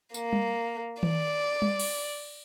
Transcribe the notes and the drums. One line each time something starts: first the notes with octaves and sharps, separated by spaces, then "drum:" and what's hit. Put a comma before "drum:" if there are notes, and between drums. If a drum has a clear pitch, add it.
A#3, drum: tambourine
drum: tom G3
D5, drum: tom D#3
drum: tom G3
drum: cymbal